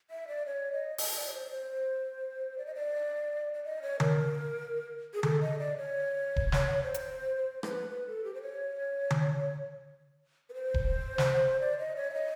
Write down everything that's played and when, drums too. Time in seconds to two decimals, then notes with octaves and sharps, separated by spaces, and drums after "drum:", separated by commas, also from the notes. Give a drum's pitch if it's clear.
0.10 E5
0.28 D5
0.46 C#5
0.72 D#5
0.98 D#5, drum: open hi-hat
1.16 D5
1.27 C#5
1.34 C5
1.52 C5
2.58 D5
2.66 D#5
2.75 D5
3.54 D5
3.64 D#5
3.82 C#5
4.00 A#4, drum: tom D3
5.14 G#4
5.23 A4, drum: tom D3
5.41 D#5
5.59 D5
5.77 C#5
6.36 drum: kick D#1
6.52 drum: snare
6.83 C5
6.94 drum: hi-hat
7.36 C5
7.63 B4, drum: rim click
7.90 B4
8.07 A4
8.24 G4
8.34 C5
8.42 C#5
9.10 drum: tom D3
10.50 B4
10.54 C5
10.74 drum: kick D#1
11.18 drum: snare
11.60 D5
11.78 D#5
11.96 C#5
12.10 E5
12.14 D#5